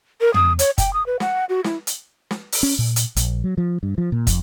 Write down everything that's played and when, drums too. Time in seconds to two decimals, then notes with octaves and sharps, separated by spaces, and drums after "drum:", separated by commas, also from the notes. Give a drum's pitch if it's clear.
0.21 A#4
0.34 D#6, drum: tom
0.59 C#5, drum: hi-hat
0.78 G5, drum: kick, hi-hat
0.93 D#6
1.06 B4
1.20 F#5, drum: snare
1.49 F#4
1.64 E4, drum: snare
1.87 drum: hi-hat
2.31 drum: snare
2.52 drum: open hi-hat
2.63 C#4
2.79 A#2
2.96 drum: hi-hat
3.16 A#1, drum: hi-hat
3.44 F#3
3.58 F3
3.83 G2
3.98 F3
4.12 A#2
4.27 F2, drum: kick, hi-hat